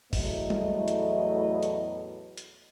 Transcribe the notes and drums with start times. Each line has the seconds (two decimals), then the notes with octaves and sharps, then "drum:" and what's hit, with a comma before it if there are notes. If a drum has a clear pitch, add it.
0.13 E2 A2 F#3 A3 B3 D#5, drum: kick G#1, open hi-hat
0.50 drum: tom G3
0.88 drum: hi-hat
1.63 drum: hi-hat
2.37 drum: hi-hat